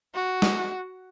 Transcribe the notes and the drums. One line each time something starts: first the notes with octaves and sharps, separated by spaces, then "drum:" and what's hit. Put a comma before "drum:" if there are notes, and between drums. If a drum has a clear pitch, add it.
F#4
drum: snare